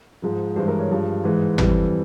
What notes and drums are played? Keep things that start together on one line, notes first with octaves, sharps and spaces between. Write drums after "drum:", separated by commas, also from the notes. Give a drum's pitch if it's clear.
G#2 F3 G#3
G2 E3 G#3 C5
A#4
C#5
G2 F3 G#3
G#2 E3 G#3
F2 E3 G3, drum: tom G#1